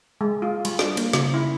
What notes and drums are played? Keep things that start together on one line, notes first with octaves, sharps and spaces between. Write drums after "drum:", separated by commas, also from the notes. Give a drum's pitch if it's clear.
G#3
F4
G3, drum: cymbal
D4, drum: snare
A#3, drum: cymbal
C#3, drum: snare
E4